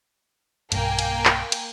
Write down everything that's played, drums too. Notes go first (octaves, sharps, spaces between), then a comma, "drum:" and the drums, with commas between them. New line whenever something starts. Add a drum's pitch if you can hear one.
B1 G2 A#3 G5 G#5, drum: cymbal
drum: cymbal
drum: clap
drum: cymbal